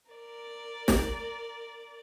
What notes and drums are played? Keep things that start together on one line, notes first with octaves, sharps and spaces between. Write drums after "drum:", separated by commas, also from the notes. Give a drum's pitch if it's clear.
A#4 D5
drum: snare